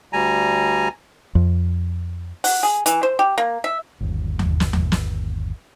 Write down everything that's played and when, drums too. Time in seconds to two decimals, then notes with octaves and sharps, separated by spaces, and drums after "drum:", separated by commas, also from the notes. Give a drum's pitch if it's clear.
0.13 D2 G3 G#5 A#5
1.35 F2
2.44 F#5, drum: open hi-hat
2.63 G#4
2.86 E3, drum: hi-hat
3.03 C5
3.19 G4
3.38 A#3
3.64 E5
4.00 G1 D#2
4.39 drum: tom D#2
4.60 drum: snare
4.73 drum: tom D#2
4.92 drum: snare